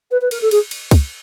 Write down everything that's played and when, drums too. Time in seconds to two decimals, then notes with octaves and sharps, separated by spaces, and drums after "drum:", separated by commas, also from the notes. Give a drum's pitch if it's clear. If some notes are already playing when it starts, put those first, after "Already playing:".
0.11 B4
0.21 B4
0.31 A#4, drum: cymbal
0.42 A4
0.51 G#4, drum: cymbal
0.71 drum: cymbal
0.91 drum: kick C#2, cymbal